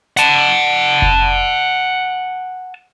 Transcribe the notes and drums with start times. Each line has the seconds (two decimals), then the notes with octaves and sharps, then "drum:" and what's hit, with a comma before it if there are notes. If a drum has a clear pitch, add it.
0.17 F#5 A5, drum: hi-hat
1.02 drum: kick F1